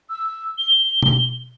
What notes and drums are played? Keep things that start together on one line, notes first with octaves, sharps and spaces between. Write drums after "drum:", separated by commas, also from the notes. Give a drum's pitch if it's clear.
E6
G7
drum: tom B2